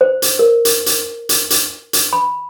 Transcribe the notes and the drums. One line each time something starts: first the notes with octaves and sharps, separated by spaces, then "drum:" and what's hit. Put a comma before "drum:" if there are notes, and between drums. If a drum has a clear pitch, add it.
C5
drum: hi-hat
A#4
drum: hi-hat
drum: hi-hat
drum: hi-hat
drum: hi-hat
drum: hi-hat
B5